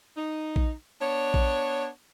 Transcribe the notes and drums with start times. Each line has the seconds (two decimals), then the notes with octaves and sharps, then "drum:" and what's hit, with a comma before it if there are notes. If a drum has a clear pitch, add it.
0.17 D#4
0.56 drum: kick A#1
1.01 B3 D4 C#5
1.34 drum: kick A#1